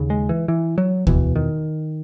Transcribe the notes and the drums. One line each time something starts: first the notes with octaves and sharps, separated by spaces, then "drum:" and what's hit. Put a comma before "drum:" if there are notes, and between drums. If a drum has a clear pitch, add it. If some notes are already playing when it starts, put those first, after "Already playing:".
Already playing: D#2 C#3
G#3
E3
E3
F#3
E2 B2 E3, drum: kick
D#3